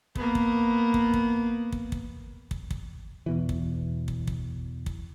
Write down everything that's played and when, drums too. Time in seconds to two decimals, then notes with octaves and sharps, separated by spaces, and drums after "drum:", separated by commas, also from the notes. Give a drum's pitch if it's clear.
0.16 A#3 B3, drum: kick
0.35 drum: kick
0.94 drum: kick
1.14 drum: kick
1.72 drum: kick
1.92 drum: kick
2.51 drum: kick
2.71 drum: kick
3.26 E2 B2 E3
3.49 drum: kick
4.08 drum: kick
4.27 drum: kick
4.86 drum: kick